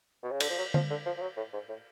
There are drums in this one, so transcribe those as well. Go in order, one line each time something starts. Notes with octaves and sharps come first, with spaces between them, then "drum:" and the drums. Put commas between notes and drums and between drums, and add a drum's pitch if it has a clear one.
B2
C#3
D3, drum: cymbal
F3
F#3
F3, drum: tom D3
D3
F3
F3
F#3
A2
G#2
A2